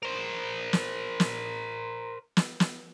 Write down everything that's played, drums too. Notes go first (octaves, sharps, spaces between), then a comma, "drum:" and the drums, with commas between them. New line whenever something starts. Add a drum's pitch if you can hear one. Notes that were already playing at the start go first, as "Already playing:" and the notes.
A#4 C5
drum: snare
drum: snare
drum: snare
drum: snare